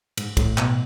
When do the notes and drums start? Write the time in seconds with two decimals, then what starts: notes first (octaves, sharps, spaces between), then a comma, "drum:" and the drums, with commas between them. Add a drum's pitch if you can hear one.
0.17 G#2, drum: cymbal
0.37 A2, drum: kick, cymbal
0.58 B2, drum: clap